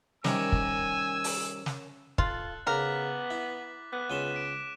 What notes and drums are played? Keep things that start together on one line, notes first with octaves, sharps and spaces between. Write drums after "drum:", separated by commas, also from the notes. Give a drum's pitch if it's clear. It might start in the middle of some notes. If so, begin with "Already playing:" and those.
C3 D#3 G3 C#4 A#4 G#5 E6, drum: snare
drum: kick
drum: open hi-hat
drum: snare
F4 A4 F#6 A6 F#7, drum: kick
C#3 B3 A#4 D6 F#6 B6
E4
B3 D6 F#6
C#2 C#4 C6 D#7 E7
B6 D7 E7